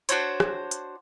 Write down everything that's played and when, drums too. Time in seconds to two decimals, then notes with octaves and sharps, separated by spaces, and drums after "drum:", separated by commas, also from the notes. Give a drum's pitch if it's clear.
0.09 D4 F#4 C5 C#5, drum: hi-hat
0.40 drum: rim click
0.71 drum: hi-hat